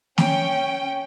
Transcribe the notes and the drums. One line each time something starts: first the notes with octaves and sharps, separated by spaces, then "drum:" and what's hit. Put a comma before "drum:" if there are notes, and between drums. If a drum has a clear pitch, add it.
C#4 G5, drum: snare